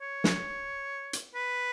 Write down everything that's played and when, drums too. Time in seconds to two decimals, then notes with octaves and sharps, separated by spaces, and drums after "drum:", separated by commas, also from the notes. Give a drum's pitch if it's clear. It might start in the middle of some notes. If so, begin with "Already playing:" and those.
0.01 C#5
0.24 drum: snare
1.13 drum: hi-hat
1.35 B4